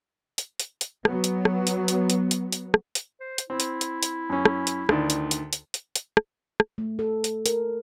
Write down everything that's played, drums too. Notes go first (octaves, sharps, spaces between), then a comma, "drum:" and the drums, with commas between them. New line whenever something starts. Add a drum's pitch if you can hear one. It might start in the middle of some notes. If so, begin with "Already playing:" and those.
drum: hi-hat
drum: hi-hat
drum: hi-hat
F#3 B3, drum: rim click
drum: hi-hat
drum: rim click
drum: hi-hat
drum: hi-hat
drum: hi-hat
drum: hi-hat
drum: hi-hat
drum: rim click
drum: hi-hat
C5
drum: hi-hat
C4 E4
drum: hi-hat
drum: hi-hat
drum: hi-hat
F#2 C#4
drum: rim click
drum: hi-hat
D2 D#3 D5, drum: rim click
drum: hi-hat
drum: hi-hat
drum: hi-hat
drum: hi-hat
drum: hi-hat
drum: rim click
drum: rim click
A3
A4
drum: hi-hat
A#4, drum: hi-hat